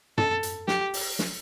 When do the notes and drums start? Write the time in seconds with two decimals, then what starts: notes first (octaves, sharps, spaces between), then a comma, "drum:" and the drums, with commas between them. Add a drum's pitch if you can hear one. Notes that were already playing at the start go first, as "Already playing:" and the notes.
0.18 A4, drum: tom
0.43 drum: hi-hat
0.68 G4, drum: snare
0.94 drum: open hi-hat
1.19 drum: snare